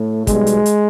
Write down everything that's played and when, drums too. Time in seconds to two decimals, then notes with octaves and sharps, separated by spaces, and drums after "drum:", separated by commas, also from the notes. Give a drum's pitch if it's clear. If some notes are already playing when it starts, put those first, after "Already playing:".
Already playing: A2 A3
0.27 B1 B2 G3 G#3, drum: kick, hi-hat
0.47 drum: hi-hat
0.66 drum: hi-hat